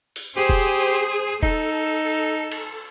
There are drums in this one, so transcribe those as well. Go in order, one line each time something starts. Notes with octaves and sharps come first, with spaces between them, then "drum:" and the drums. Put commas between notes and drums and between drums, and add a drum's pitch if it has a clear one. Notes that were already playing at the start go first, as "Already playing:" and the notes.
drum: open hi-hat
G4 G#4 C5
drum: kick
D#4 A4, drum: kick
drum: cymbal